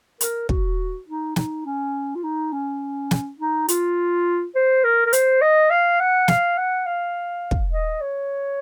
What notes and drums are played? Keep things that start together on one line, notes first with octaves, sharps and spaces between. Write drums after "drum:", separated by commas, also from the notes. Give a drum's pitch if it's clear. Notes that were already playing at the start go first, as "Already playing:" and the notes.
A#4, drum: hi-hat
F#4, drum: kick
D#4
D#4, drum: snare
C#4
F4
D#4
C#4
drum: snare
D#4
F4, drum: hi-hat
C5
A#4
A#4
C5, drum: hi-hat
D#5
F5
F#5
F5, drum: snare
F#5
F5
drum: kick
D#5
C#5